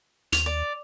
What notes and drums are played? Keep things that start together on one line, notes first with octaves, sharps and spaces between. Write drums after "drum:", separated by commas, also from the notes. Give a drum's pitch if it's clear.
D#2 F7, drum: hi-hat
D5